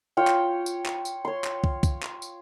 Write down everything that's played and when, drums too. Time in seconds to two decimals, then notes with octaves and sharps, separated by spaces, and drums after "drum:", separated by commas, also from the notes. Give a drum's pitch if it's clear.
0.17 F4 C#5 G5
0.27 drum: clap
0.66 drum: tambourine
0.86 drum: clap
1.05 drum: tambourine
1.25 C#5 C6
1.44 drum: clap
1.64 drum: kick
1.83 drum: kick, tambourine
2.03 drum: clap
2.22 drum: tambourine